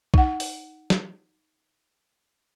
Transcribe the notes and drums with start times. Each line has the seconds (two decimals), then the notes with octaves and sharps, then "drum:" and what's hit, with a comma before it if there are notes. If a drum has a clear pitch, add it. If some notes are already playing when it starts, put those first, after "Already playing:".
0.14 D#4 F#5, drum: kick
0.40 drum: open hi-hat
0.90 drum: snare